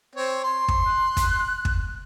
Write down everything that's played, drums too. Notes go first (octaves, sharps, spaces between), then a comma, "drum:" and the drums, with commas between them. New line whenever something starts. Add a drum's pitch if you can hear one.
C4 C#5
C6
drum: kick
F#6
drum: kick, hi-hat
drum: kick